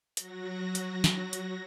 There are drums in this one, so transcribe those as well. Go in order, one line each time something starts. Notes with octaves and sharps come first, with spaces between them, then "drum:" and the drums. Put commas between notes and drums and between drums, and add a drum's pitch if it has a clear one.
F#3 F#4 A#6, drum: hi-hat
drum: hi-hat
drum: snare
drum: hi-hat